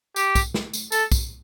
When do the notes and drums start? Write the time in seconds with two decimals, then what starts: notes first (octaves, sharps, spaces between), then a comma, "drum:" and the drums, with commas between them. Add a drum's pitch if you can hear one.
0.16 G4, drum: tambourine
0.35 drum: kick, tambourine
0.54 drum: snare
0.73 drum: tambourine
0.92 A4, drum: tambourine
1.12 drum: kick, tambourine